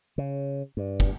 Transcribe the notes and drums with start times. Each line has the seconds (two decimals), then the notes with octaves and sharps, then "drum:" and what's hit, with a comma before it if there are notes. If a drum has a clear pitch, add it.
0.18 C#3
0.77 G2
1.00 drum: kick